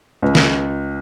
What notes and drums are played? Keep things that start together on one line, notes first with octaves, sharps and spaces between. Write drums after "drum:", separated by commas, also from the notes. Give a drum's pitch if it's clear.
C#2
drum: snare